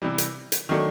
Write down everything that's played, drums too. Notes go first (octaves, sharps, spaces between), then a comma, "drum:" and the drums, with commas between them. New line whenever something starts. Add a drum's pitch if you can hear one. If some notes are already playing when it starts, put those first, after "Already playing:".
C3 E3 G3
drum: hi-hat
drum: hi-hat
D#3 F#3 A3 D4